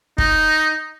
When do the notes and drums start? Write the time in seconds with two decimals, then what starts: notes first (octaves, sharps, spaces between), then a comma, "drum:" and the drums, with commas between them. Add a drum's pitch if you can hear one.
0.18 D#4, drum: kick